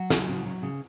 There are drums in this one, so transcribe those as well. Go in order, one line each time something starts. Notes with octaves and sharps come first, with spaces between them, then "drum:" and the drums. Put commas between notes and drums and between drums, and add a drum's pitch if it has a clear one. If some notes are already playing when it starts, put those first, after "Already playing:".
Already playing: F#3 F#4
C#3, drum: snare
C#3
F#3
C#3